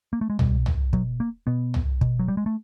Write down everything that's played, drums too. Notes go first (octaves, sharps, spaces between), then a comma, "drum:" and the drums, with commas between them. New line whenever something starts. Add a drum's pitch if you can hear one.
A#3
A3
G#3
B2 G3, drum: tom C2
drum: tom C2
B2 F#3, drum: kick
A#3
B2 B3
drum: tom C2
B2, drum: kick
F#3
G3
G#3
A3